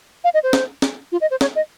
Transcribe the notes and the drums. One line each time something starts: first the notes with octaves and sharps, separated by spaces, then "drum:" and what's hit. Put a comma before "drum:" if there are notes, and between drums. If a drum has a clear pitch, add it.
F5
D#5
C5
drum: snare
drum: snare
F4
D#5
C5
C#5, drum: snare
D#5